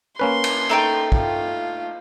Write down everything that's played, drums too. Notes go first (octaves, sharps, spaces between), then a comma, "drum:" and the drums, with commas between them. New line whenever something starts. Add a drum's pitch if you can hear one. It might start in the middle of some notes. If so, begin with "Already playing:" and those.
A#3 C#4 B4 C6
drum: cymbal
A3 D#4 G5
F4, drum: kick